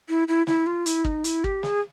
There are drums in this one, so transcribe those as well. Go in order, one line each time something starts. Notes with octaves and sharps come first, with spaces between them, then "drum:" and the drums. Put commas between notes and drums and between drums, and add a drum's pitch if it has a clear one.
E4
E4
E4, drum: snare
F4
E4, drum: hi-hat
D#4, drum: kick
E4, drum: hi-hat
G4, drum: kick
G#4, drum: snare